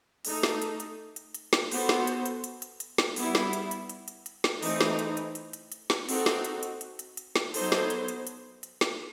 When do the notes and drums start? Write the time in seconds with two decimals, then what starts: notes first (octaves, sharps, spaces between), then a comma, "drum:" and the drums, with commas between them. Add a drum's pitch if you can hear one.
0.25 A3 D#4 A4, drum: open hi-hat
0.43 drum: snare
0.62 drum: hi-hat
0.80 drum: hi-hat
1.16 drum: hi-hat
1.34 drum: hi-hat
1.53 drum: snare
1.71 B3 F#4 A4 C5, drum: open hi-hat
1.89 drum: snare
2.07 drum: hi-hat
2.26 drum: hi-hat
2.44 drum: hi-hat
2.62 drum: hi-hat
2.80 drum: hi-hat
2.98 drum: snare
3.16 G3 B3 E4, drum: open hi-hat
3.35 drum: snare
3.53 drum: hi-hat
3.71 drum: hi-hat
3.89 drum: hi-hat
4.08 drum: hi-hat
4.26 drum: hi-hat
4.44 drum: snare
4.63 E3 A3 C4 D#4, drum: open hi-hat
4.81 drum: snare
4.99 drum: hi-hat
5.17 drum: hi-hat
5.35 drum: hi-hat
5.53 drum: hi-hat
5.72 drum: hi-hat
5.90 drum: snare
6.09 C4 D#4 F#4 A4, drum: open hi-hat
6.26 drum: snare
6.44 drum: hi-hat
6.63 drum: hi-hat
6.81 drum: hi-hat
6.99 drum: hi-hat
7.17 drum: hi-hat
7.36 drum: snare
7.54 F#3 B3 D#4 A4 C5, drum: open hi-hat
7.72 drum: snare
7.90 drum: hi-hat
8.08 drum: hi-hat
8.27 drum: hi-hat
8.63 drum: hi-hat
8.81 drum: snare